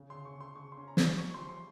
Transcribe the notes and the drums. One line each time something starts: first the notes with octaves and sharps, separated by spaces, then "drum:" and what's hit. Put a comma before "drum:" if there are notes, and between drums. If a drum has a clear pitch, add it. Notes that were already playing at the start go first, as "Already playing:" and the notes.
Already playing: C#3
C#3 C6
C#6
C#3
C6
C#3 C#6
C6
C#4
A#5
G3, drum: snare
F3 C#6
F3 C6
C6